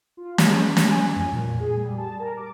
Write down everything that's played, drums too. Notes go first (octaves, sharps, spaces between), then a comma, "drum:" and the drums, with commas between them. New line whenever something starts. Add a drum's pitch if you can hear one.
F4
G#3, drum: snare
G#5, drum: snare
F2
A#2
G#4
G3
A5
A#4
D6